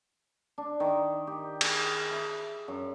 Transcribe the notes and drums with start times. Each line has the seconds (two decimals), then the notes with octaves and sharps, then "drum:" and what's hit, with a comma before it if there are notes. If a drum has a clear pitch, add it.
0.58 D4
0.80 D#3
1.27 G4
1.61 G#4, drum: cymbal
2.11 E5
2.68 F#2